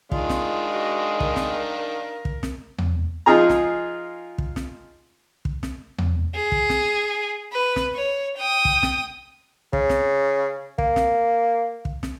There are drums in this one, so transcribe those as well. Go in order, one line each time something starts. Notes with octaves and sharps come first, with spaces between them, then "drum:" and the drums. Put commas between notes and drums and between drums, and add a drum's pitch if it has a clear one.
D#3 G#3 D4 F4 F5, drum: kick
drum: snare
F#4
A#4, drum: kick
drum: snare
drum: kick
drum: snare
drum: tom E2
F3 D#4 F4 G#4 A#5
drum: snare
drum: kick
drum: snare
drum: kick
drum: snare
drum: tom E2
G#4
drum: kick
drum: snare
B4
drum: snare
C#5
G5 D#6
drum: kick
drum: snare
C#3, drum: kick
drum: snare
A#3, drum: kick
drum: snare
drum: kick
drum: snare